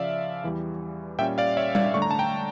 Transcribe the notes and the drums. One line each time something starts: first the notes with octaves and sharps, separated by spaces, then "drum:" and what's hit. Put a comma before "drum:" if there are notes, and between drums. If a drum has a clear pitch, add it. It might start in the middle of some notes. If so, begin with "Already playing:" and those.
Already playing: C#3 F3 C#4 D5 E5 F5
E2 E3 G3
A#2 G3 C#4 E5 G5
D5 F5
C#5 E5
D5 F5, drum: tom G3
D3 A3 D4 C#6
A#5
A5
G5 A#5